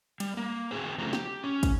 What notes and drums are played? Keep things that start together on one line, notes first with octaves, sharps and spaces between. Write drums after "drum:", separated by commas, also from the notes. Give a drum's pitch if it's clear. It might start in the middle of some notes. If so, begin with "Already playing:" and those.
G3, drum: cymbal
A#3
C4 F#4 G#4 C5
C#3 F3 A3 G4 A4 A#5
G4, drum: snare
C#4
drum: kick, cymbal